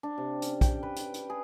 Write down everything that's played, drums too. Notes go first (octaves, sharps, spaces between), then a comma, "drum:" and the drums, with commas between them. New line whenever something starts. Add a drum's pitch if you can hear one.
D4
C3
C#4, drum: hi-hat
G5, drum: kick, hi-hat
B4
drum: hi-hat
drum: hi-hat
G#4